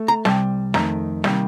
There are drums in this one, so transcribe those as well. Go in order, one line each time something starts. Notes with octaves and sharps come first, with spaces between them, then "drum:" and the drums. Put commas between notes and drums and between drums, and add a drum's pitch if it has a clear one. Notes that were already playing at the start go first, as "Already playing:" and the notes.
Already playing: A3
A#5
C2 C3 G3 A5, drum: snare
F2 D#3 A3 A#5, drum: snare
C3 D#3 G3 A#3, drum: snare